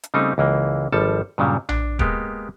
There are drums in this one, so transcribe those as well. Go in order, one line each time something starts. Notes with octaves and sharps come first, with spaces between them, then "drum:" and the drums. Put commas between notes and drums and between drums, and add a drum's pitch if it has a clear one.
drum: hi-hat
C#3 G3 A3 C4 D#4
C#2 E3 A#3
G#1 F3 G3 A4 A5
G2 A#2 C#3 F#3 G3
D4, drum: tom A#1
G#3 A#3 B3 G4, drum: kick